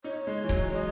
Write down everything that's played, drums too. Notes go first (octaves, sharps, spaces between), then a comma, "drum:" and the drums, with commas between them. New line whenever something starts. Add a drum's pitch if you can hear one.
D#4 C#5
G#3
E3
F#3, drum: kick C#1
G#3 D#5